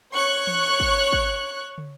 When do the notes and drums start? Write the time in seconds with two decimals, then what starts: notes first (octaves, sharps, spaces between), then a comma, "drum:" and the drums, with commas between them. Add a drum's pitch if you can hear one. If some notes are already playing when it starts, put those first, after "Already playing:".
0.15 C#5 C#6 F#6
0.47 drum: tom E3
0.80 drum: kick
1.12 drum: kick
1.78 drum: tom